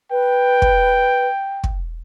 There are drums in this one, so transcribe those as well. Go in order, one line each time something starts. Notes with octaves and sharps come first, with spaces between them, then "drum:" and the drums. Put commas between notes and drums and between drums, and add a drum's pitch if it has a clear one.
B4 G5
drum: kick
drum: kick